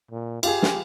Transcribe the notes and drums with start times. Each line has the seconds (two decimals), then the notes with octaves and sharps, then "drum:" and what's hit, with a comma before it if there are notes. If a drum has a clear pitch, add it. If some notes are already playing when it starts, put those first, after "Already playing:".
0.11 A#2
0.43 F4 G4 G#4, drum: cymbal
0.63 drum: snare